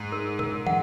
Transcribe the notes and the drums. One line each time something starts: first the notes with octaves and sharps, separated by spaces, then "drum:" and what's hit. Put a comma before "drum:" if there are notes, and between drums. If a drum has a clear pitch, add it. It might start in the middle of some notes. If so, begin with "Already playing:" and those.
Already playing: G#2
A#4
A#4, drum: tom
F#5, drum: tom